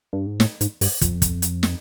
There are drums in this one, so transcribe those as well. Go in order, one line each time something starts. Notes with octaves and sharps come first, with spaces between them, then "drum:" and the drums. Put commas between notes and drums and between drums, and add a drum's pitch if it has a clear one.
G2
G#2
A2, drum: snare
G#2, drum: hi-hat
G2, drum: open hi-hat
F2, drum: kick, hi-hat
drum: kick, hi-hat
drum: hi-hat
drum: snare